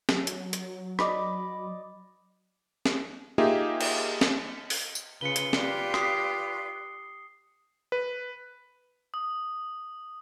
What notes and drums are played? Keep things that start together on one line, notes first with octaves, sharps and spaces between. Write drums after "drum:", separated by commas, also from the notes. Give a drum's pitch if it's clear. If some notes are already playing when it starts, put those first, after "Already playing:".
F#3, drum: snare
drum: hi-hat
drum: hi-hat
D5 D#5 B5 D6, drum: rim click
drum: snare
A#3 D#4 F4 G4 G#4 E5
drum: cymbal
drum: snare
drum: open hi-hat
drum: tambourine
C#3 F4 B4 C#7 G7
drum: hi-hat
F4 G4 B4 D5, drum: snare
D#6 C7, drum: rim click
B4
D#6